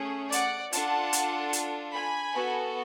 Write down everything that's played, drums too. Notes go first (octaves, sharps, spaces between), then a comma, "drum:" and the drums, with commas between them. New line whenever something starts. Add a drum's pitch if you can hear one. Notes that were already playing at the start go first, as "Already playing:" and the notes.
Already playing: A3 C#4 G#4
D5 F#5, drum: hi-hat
D4 F4 A4 F#5 A5, drum: hi-hat
drum: hi-hat
drum: hi-hat
G#5 B5
B3 F#4 A4